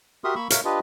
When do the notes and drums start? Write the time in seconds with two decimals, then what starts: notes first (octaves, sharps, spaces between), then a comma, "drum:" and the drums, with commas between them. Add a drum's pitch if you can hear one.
0.24 F#4 G4 A#4 E5 C6 D#6
0.35 A#3 B5 C#6 E6
0.50 A#4 C#5 E5 F5, drum: hi-hat
0.65 D4 F4 G4 B4 D#5